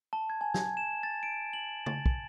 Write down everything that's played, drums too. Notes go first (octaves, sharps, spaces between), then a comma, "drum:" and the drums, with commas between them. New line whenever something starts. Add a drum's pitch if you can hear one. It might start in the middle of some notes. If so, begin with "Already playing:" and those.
A5
G#6
G#5
G#6, drum: snare
E7
A6
D7
F#7
A6, drum: tom C#3
drum: kick